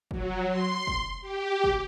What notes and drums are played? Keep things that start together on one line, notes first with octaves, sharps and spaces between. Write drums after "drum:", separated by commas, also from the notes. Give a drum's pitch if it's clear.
F#3, drum: kick
C6
drum: kick
G4
drum: kick